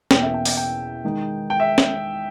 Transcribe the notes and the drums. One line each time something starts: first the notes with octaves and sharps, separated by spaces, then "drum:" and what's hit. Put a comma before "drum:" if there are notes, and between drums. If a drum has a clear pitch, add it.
E2 B2 A#3 C#4 G5, drum: snare
E5
G5
G5, drum: open hi-hat
G5
D#3 G#3 D#4
G5
E5
drum: snare